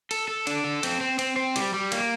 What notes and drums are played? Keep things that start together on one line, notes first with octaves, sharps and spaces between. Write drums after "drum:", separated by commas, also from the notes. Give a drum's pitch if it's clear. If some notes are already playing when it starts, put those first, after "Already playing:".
A4, drum: cymbal
A4
D4, drum: cymbal
A4
C4, drum: cymbal
C4
C4, drum: cymbal
C4
G3, drum: cymbal
G3
A#3, drum: cymbal